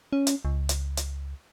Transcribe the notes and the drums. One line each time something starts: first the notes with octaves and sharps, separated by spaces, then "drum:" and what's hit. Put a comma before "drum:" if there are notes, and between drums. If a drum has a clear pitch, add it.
C#4
drum: hi-hat
C#2
drum: hi-hat
drum: hi-hat